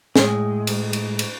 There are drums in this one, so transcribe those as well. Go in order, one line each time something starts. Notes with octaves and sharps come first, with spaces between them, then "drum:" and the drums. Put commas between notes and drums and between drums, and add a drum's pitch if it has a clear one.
A2 G#3, drum: snare
drum: cymbal
drum: cymbal
drum: cymbal